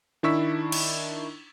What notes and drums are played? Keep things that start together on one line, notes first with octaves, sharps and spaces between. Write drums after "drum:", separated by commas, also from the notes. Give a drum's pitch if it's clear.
D#3 D4 E4 C#6 E6 B6
drum: cymbal